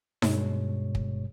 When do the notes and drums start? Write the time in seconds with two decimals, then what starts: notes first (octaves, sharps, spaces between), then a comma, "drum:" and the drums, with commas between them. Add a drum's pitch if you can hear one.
0.22 G2 B2 G#3 C#5, drum: snare D#4
0.95 drum: kick